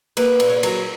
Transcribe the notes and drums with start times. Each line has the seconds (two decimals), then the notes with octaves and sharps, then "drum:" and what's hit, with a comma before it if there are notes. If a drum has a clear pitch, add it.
0.17 A#3 B4, drum: cymbal
0.40 A#2, drum: cymbal
0.49 C#5
0.56 B4
0.63 F#3 A#4, drum: cymbal